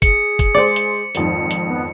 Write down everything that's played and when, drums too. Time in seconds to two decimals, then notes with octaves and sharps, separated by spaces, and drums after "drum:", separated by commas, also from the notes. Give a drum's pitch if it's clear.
0.02 G#4 C#7, drum: kick, hi-hat
0.39 drum: kick, hi-hat
0.55 G#3 C5 D5
0.76 drum: hi-hat
1.15 G#1 F2 G#2, drum: hi-hat
1.51 drum: hi-hat
1.67 B3